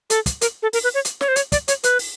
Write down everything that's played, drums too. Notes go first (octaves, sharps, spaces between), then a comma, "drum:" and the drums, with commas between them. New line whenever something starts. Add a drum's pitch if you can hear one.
A4, drum: hi-hat
drum: kick, hi-hat
A#4, drum: hi-hat
A4
A#4, drum: open hi-hat
B4
C#5
drum: hi-hat
C#5, drum: snare
C5
C#5, drum: hi-hat
D5, drum: kick, hi-hat
C#5, drum: hi-hat
B4, drum: hi-hat
drum: open hi-hat